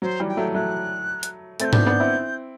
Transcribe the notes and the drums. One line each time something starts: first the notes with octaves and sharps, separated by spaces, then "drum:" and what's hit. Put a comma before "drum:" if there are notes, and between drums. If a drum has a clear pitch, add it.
F#3 C5
E3 G3
G5
F#3 A3
F#3 A3 F#6
drum: hi-hat
A3 C4 G6 A6, drum: hi-hat
B3 D4, drum: tom G#2
B3 D4
C4 E4